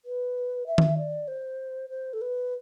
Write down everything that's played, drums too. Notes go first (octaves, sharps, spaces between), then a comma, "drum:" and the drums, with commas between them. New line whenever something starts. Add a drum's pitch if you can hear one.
B4
E5
drum: tom D#3
D5
C5
C5
A4
B4